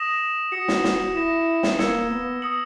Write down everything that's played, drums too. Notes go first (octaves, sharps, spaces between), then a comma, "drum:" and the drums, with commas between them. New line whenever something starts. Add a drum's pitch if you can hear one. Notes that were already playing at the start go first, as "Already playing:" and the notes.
Already playing: D#6 A#6 E7
F#4 D#6 A#6 C#7
drum: snare
drum: snare
E4 D#6 A#6 E7
drum: snare
A#3 E6 G#6 C#7 E7, drum: snare
B3
D#6 A#6 C#7 F#7